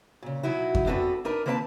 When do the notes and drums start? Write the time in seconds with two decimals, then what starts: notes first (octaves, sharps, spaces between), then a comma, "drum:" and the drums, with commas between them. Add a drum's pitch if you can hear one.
0.23 A#2 C#3
0.43 B2 F#3 D#4 E4 F#4
0.75 drum: kick F2
0.86 B3 C4 D4 F#4 A4 B4
1.25 D4 D#4 A#4 B4
1.46 D#3 A#3 C4 B4 C5 A5